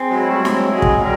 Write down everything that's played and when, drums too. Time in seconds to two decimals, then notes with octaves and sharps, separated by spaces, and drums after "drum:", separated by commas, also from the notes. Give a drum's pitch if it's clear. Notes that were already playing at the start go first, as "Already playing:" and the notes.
Already playing: C4 G#4
0.08 F#3 G#3
0.18 E4
0.27 G3 A3
0.45 F#3 G#3 C4, drum: snare
0.73 F#3 G#3 G#4
0.82 drum: kick
1.01 G3 A#4